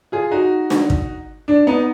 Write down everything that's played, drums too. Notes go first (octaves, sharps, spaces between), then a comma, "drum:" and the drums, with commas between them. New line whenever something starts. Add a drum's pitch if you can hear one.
F4 G#4
D#4 F#4
drum: snare
drum: kick
D4
B3 D#4